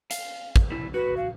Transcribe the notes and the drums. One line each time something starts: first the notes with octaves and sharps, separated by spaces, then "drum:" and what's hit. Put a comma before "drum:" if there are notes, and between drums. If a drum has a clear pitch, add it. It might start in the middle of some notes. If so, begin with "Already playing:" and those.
F5, drum: hi-hat
drum: kick
C3 E4
F#4 B4
F5